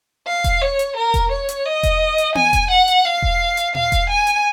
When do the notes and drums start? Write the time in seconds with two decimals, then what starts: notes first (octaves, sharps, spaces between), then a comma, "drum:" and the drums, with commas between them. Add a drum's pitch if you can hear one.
0.27 F5
0.44 drum: kick E1, hi-hat
0.61 C#5
0.79 drum: hi-hat
0.96 A#4
1.14 drum: kick E1, hi-hat
1.32 C#5
1.49 drum: hi-hat
1.66 D#5
1.83 drum: kick E1, hi-hat
2.18 drum: hi-hat
2.35 G#5, drum: tom B3
2.53 drum: kick E1, hi-hat
2.71 F#5
2.88 drum: hi-hat
3.05 F5
3.22 drum: kick E1
3.57 drum: hi-hat
3.75 F5, drum: tom A#2
3.92 drum: kick E1, hi-hat
4.09 G#5
4.27 drum: hi-hat